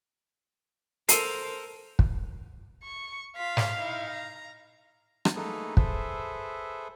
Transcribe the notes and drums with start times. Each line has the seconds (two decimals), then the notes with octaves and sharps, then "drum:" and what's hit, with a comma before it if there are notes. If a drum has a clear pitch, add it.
1.09 A4 A#4 C5 C7 D#7, drum: hi-hat
1.99 drum: kick
2.83 C#6
3.36 F4 F5 B6
3.57 drum: snare
3.77 D#4 E4
4.10 A#5
5.25 drum: rim click
5.36 A3 A#3 D#4 G#4 A4 B4
5.77 G#4 A4 B4 C5 E5, drum: kick